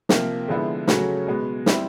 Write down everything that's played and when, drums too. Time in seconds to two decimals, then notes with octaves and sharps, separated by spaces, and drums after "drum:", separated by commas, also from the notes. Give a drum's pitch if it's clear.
0.09 C3 F3 A#3, drum: snare
0.48 D3 F3 G#3 B3 E4
0.87 C#3 F#3 A3 C#4 F#4, drum: snare
1.27 B2 G#3 B3
1.66 G3 C4 E4, drum: snare